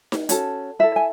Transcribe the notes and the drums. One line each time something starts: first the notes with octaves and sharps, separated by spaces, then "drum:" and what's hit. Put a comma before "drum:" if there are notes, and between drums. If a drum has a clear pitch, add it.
drum: snare D#4
C#4 F#4 A4, drum: hi-hat
E4 A4 E5
G#5